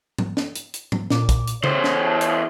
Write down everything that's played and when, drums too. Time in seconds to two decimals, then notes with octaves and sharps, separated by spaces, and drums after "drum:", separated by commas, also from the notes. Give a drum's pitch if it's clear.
0.18 drum: tom G#2
0.37 drum: snare
0.55 drum: hi-hat
0.74 drum: hi-hat
0.92 drum: tom G#2
1.10 A#2 D6, drum: snare
1.29 drum: kick, hi-hat
1.47 drum: hi-hat
1.64 E2 C5 C#5 C6, drum: tom
1.84 drum: snare
2.02 G#5 A5
2.21 drum: hi-hat